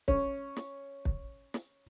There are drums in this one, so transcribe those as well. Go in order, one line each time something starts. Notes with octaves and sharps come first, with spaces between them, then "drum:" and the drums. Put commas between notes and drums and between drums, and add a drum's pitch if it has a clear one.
C#4, drum: kick
drum: snare
drum: kick
drum: snare